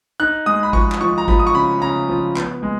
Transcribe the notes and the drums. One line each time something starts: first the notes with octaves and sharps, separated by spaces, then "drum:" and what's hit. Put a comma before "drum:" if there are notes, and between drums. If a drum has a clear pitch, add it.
D#4 F#6
G#3 D#6
B5
F3 C#6, drum: kick G#1
drum: clap
F3 C#6
A#5
F3 B5, drum: kick G#1
D#6
C#6
C#3 B5
C#3 A#5
F3
B3, drum: clap
G#3